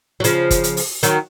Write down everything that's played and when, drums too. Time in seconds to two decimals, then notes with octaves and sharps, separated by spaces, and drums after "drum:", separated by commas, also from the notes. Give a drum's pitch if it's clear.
0.20 F#3
0.24 C#3 F3, drum: hi-hat
0.51 drum: kick, hi-hat
0.64 drum: hi-hat
0.77 drum: open hi-hat
1.03 D#3 F#3, drum: hi-hat